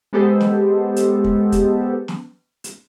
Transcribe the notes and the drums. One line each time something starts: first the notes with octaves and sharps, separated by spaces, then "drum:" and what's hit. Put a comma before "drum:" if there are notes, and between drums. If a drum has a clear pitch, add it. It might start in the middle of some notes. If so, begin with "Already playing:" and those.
G#3 B3 G4 A4 C5
drum: snare
drum: hi-hat
drum: kick
drum: kick, hi-hat
drum: snare
drum: hi-hat